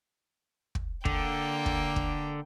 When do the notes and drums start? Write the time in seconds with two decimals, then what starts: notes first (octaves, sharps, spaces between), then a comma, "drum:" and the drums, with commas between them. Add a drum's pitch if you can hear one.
0.75 drum: kick
1.05 D3 A#3 G5, drum: kick
1.66 drum: kick
1.96 drum: kick